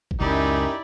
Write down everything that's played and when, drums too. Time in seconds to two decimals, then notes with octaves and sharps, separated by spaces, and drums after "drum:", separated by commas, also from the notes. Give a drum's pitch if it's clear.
0.11 drum: kick G1
0.20 C#2 F#2 G#3 D#4 E4 G4 D5